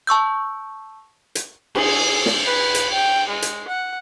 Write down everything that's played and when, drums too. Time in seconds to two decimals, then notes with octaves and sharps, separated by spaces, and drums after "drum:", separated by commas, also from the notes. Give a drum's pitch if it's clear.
0.07 A5 C#6 E6 G6
1.35 drum: hi-hat
1.75 G#4, drum: cymbal
2.26 drum: snare
2.45 B4
2.75 drum: hi-hat
2.93 G5
3.29 G#3
3.42 drum: hi-hat
3.68 F#5